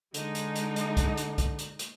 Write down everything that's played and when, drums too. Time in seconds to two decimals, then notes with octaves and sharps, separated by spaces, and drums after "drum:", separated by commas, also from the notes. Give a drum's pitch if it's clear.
0.14 D3 G#3 D#4, drum: hi-hat
0.35 drum: hi-hat
0.56 drum: hi-hat
0.76 drum: hi-hat
0.97 drum: kick, hi-hat
1.17 drum: hi-hat
1.38 drum: kick, hi-hat
1.59 drum: hi-hat
1.79 drum: hi-hat